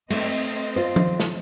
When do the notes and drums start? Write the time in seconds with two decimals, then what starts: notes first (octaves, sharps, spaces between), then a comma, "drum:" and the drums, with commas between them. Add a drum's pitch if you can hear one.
0.10 A3 C4 D#5, drum: cymbal
0.76 F4 C5
0.96 drum: tom F3
1.20 drum: snare